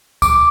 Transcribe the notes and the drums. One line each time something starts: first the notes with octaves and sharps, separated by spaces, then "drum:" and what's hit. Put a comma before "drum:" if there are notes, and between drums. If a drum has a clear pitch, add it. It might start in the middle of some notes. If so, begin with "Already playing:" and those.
D6, drum: kick C#2, tambourine